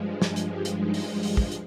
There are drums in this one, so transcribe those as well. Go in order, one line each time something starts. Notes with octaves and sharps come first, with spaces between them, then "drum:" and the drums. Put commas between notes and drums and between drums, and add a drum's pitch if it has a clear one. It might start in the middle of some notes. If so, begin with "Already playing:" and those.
Already playing: G2 F3 G#3
G#4, drum: snare
drum: hi-hat
G4
drum: hi-hat
D#4
drum: open hi-hat
drum: open hi-hat
drum: kick
drum: hi-hat